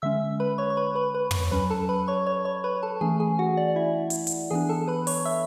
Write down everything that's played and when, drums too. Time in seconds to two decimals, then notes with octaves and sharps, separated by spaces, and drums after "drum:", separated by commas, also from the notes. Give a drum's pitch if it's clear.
0.02 D3 G#3 C#4 E5 E6
0.40 B4 B5
0.58 C#5 C#6
0.70 C#6
0.77 B4 B5
0.95 B4 B5
1.14 B4 B5
1.31 drum: tom
1.51 F#3 C#4 B4 B5
1.70 A4 A5
1.89 B4 B5
2.08 C#5 C#6
2.26 C#5 C#6
2.45 C#5 C#6
2.64 B4 B5
2.83 A4 A5
3.01 E3 A3 C#4 G#4 G#5
3.20 G#4 G#5
3.39 F#4 F#5
3.57 D5
3.76 E4 E5
4.10 drum: hi-hat
4.27 drum: hi-hat
4.50 E3 B3 D4 G#4 G#5
4.69 A4 A5
4.88 B4 B5
5.07 C#5 C#6, drum: open hi-hat
5.25 E5 E6